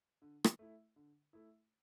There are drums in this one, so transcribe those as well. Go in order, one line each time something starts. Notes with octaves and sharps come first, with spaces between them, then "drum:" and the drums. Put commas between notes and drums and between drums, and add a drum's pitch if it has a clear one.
D3
drum: rim click
A3 E4
D3
A3 E4